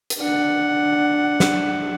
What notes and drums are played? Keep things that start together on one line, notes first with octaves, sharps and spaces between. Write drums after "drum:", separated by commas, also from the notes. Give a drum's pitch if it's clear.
drum: hi-hat
D4 F#5
drum: snare